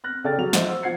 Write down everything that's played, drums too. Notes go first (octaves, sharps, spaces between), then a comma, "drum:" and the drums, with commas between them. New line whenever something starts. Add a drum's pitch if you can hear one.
F6 F#6 A#6
C#3 A4 D5 G5 F6 A6
F#3 F7
F4 C5 D#5 E5 F#5, drum: snare
F#4 C5 E6
F3 F#5 G#6 C7 C#7